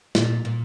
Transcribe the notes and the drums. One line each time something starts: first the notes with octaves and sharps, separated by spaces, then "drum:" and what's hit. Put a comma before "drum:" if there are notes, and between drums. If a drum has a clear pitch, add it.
A#2, drum: snare
A#2